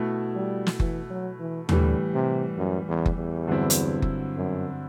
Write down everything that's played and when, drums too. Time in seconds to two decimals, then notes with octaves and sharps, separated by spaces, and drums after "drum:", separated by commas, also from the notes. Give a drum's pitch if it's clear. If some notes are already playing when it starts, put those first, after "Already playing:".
Already playing: B2 A3 E4
0.35 G3
0.67 drum: snare
0.80 E3, drum: kick F#1
1.10 F#3
1.40 E3
1.69 A2 D3 E3 G3, drum: tom D#2
2.14 C3
2.58 F#2
2.89 E2
3.06 drum: kick F#1
3.18 E2
3.47 G2 D3 F#3 C4 E4
3.70 drum: hi-hat
4.02 drum: kick F#1
4.37 F#2